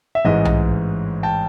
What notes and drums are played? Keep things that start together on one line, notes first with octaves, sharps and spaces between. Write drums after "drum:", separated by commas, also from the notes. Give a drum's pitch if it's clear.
E5
A1 G#2 E3 G#3 D#5
drum: tom B1
G5 A5